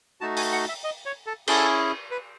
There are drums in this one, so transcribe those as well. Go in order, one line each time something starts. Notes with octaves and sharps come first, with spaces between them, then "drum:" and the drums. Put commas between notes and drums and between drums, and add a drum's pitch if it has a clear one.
A3 D#4 F#4 A5
G#5, drum: open hi-hat
F#5
E5
D#5
C#5
A4
C#4 E4 G#4 A4, drum: cymbal
B4